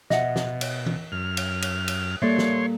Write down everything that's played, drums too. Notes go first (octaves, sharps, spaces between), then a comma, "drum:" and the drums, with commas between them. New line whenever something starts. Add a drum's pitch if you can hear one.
B2 D#5 E5 F#5, drum: snare
drum: snare
drum: cymbal
drum: tom E3
F#2 F6
drum: cymbal
drum: cymbal
drum: cymbal
G3 A#3 A4 C#5 D5 E5 C6
drum: snare